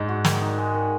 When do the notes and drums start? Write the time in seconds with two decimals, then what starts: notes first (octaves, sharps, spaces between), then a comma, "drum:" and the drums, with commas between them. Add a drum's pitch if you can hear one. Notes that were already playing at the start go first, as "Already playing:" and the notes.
Already playing: G#2 D#4
0.09 F#4
0.25 D#3, drum: snare
0.42 D#4
0.58 G#3
0.74 D#3